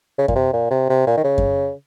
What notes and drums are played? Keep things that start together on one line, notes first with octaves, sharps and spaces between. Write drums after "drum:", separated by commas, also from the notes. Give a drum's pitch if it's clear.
C#3
A#2, drum: kick F#2
C3
A#2
C3
C3
A#2
D#3
C#3
drum: kick F#2